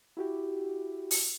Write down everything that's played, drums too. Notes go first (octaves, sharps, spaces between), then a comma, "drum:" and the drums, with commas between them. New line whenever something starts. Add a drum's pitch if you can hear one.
E4 F#4 G4
drum: open hi-hat